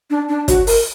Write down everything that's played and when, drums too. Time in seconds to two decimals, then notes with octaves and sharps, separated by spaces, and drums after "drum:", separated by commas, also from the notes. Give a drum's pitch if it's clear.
0.10 D4
0.29 D4
0.48 F#4, drum: kick, hi-hat
0.67 A#4, drum: open hi-hat